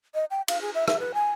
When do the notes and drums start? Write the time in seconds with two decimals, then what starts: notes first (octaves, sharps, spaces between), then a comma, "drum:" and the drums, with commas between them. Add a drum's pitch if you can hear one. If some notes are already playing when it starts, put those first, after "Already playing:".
0.15 D#5
0.31 G5
0.48 F5, drum: cymbal
0.61 G#4
0.75 E5
0.88 E5, drum: rim click
0.99 B4
1.14 G#5